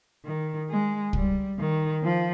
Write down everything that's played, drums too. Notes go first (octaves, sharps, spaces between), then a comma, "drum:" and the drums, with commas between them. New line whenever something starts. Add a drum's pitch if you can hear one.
D#3
G#3
G3, drum: kick
D#3
F3